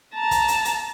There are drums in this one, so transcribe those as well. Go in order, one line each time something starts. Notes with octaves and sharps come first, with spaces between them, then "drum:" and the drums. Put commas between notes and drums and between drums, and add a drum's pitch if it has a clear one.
A5 A#5
drum: kick, hi-hat
drum: hi-hat
drum: hi-hat